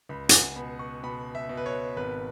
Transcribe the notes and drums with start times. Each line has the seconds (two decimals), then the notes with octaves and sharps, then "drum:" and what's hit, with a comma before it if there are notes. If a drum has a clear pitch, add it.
0.09 C#2 B5
0.29 F#5, drum: hi-hat
0.33 G#5
0.56 B2 B5
0.79 C#6
1.03 B2 B5
1.35 E5
1.49 B2
1.57 B4
1.66 C#5
1.97 G#1 B4